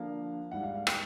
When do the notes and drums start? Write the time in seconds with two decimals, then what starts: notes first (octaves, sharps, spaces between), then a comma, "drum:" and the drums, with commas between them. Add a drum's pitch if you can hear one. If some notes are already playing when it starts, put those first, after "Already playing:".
Already playing: D3 F3 A#3 D4 F5
0.52 G#2 D#3 G3 F#5
0.63 F5
0.75 F5
0.87 G5, drum: rim click